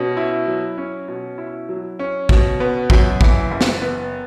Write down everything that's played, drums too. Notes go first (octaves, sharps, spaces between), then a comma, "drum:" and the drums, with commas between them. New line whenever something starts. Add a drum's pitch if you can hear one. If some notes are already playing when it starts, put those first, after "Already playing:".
Already playing: B2 C#4
E4
F#3
C#4
B2
E4
F#3
C#4
B2, drum: kick
B3
F#2, drum: kick
E3, drum: kick
F#1
drum: snare
B3